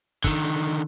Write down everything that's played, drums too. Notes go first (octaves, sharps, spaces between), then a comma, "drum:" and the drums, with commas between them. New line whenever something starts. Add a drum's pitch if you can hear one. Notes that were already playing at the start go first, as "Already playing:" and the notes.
D3 D#3, drum: kick